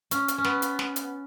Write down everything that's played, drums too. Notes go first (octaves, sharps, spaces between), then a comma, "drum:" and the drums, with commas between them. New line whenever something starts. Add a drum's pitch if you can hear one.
C#4, drum: hi-hat
drum: hi-hat
C#4
B3, drum: snare
drum: hi-hat
drum: snare
drum: hi-hat